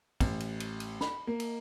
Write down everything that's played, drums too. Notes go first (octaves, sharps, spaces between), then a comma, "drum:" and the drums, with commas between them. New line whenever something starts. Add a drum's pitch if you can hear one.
A1, drum: kick, cymbal
drum: cymbal
drum: cymbal
drum: cymbal
B5, drum: snare
A#3
drum: cymbal